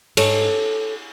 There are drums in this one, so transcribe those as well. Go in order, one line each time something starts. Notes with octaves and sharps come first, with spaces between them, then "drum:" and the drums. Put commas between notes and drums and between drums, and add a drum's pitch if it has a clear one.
G#2 A4 C#5, drum: cymbal